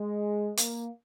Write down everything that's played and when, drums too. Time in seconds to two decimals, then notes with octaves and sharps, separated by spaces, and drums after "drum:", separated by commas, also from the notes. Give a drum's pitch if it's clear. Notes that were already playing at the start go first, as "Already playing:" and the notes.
Already playing: G#3
0.57 A#3, drum: hi-hat